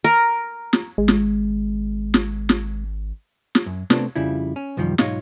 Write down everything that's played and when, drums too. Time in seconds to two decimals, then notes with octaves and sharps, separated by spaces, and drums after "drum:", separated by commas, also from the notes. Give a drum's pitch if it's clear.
0.04 A#4
0.73 drum: snare
0.98 G#1 G#3
1.08 drum: snare
2.14 drum: snare
2.49 drum: snare
3.55 drum: snare
3.66 F#2
3.90 C3 A3 B3 C4 D4, drum: snare
4.16 F2 C#3 F3 G3 E4
4.56 C#4
4.77 C2 F#2 D#3 F3 G3
4.98 B1 G#2 D#4 F4 C#5 F5, drum: snare